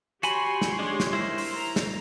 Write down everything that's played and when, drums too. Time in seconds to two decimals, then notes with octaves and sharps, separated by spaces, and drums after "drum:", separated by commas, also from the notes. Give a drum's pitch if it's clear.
0.23 F#4 G4 C#5 G#5 B5 C6, drum: hi-hat
0.62 drum: snare
0.79 G#3 D4
1.00 drum: snare
1.13 E4 A#4 C5
1.38 drum: open hi-hat
1.53 A#5
1.76 drum: snare